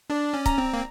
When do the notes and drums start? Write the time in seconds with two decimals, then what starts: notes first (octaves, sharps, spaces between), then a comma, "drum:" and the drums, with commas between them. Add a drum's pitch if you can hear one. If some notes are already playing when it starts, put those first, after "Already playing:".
0.10 D4 D5
0.34 C#4
0.46 A#5, drum: kick C#1, hi-hat
0.58 C4
0.73 A#3